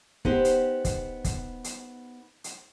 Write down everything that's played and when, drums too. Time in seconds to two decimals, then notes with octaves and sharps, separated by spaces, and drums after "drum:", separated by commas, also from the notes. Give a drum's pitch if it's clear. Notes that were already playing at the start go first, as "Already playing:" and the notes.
0.25 B3 D#4 G4 C5, drum: kick
0.45 drum: hi-hat
0.85 drum: kick, hi-hat
1.24 drum: kick, hi-hat
1.64 drum: hi-hat
2.44 drum: hi-hat